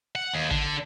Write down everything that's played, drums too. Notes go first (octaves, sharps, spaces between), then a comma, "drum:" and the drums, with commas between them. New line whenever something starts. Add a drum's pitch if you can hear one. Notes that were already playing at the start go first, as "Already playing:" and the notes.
F#5
D#2
D3, drum: kick